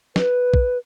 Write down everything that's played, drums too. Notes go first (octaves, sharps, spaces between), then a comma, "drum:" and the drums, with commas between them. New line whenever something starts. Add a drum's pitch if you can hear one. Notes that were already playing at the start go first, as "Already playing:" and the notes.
B4, drum: snare
drum: kick